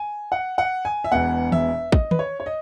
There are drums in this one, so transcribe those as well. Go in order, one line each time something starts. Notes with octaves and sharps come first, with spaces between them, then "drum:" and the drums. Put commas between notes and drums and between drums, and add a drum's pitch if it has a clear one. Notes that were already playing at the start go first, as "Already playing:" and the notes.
Already playing: G#5
F#5
F#5
G#5
E5
E1 E2 B2 F#5
E5, drum: tom D#3
D#5, drum: kick
B4, drum: tom D#3
C#5
C#5
D#5